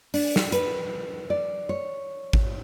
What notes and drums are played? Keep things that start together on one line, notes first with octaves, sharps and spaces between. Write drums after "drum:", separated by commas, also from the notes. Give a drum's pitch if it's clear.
D4, drum: open hi-hat
drum: snare
B4, drum: hi-hat
D5
C#5
drum: kick G#1